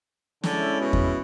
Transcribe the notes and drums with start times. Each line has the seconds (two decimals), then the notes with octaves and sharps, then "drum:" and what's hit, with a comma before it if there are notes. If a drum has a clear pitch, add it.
0.44 D3 G#3 C#4 E4, drum: snare
0.80 B2
0.93 drum: kick E2